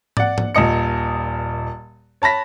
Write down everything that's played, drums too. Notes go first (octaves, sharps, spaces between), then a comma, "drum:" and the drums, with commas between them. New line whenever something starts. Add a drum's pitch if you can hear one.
D5 F#5, drum: tom
drum: tom
D#1 A#2 D#5 C#7
C#5 A5 B5 A#6 B6